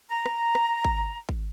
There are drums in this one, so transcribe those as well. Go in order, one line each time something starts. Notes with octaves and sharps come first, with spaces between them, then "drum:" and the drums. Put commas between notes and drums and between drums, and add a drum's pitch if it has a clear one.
A#5
drum: rim click
drum: rim click
drum: kick G#1
drum: kick G#1